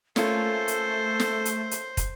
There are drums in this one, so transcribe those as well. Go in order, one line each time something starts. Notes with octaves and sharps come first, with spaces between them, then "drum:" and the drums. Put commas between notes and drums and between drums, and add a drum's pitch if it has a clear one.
A3 A#3 C#4 F4 A4 C5, drum: snare
drum: hi-hat
drum: snare
drum: hi-hat
drum: hi-hat
drum: kick, hi-hat